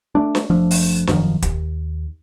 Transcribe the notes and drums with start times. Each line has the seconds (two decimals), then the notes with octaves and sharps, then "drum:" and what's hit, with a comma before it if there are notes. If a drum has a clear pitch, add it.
0.15 A3 D4
0.35 drum: snare
0.50 F#1 F3 A3 D4
0.71 drum: open hi-hat
1.07 E1 F#2 D#3 F3, drum: snare
1.42 D#2, drum: kick, hi-hat